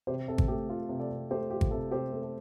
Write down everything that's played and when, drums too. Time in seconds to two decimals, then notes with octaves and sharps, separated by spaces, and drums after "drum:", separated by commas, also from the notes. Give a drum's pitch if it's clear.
0.07 C3 G4 C5
0.28 C3 A4
0.38 drum: kick G#1
0.48 A3 G4
0.69 F4 A4
0.89 C3
1.00 A4 D5
1.10 C3
1.31 A3 G4 C5
1.50 F4 G4
1.61 drum: kick G#1
1.71 C3 A4
1.91 C3 G4 C5
2.13 A3
2.22 A4